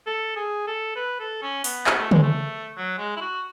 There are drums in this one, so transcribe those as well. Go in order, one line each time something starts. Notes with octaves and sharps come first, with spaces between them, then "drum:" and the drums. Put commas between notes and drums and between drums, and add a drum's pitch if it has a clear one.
A4
G#4
A4
B4
A4
C#4
B3, drum: open hi-hat
B3, drum: clap
A3
G#3, drum: tom
A3
F#3
G#3
E4
F#4